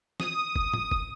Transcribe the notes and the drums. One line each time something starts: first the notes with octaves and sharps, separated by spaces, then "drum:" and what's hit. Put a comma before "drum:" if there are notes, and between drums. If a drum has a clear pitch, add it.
D#6, drum: snare
drum: kick
drum: tom A2
drum: kick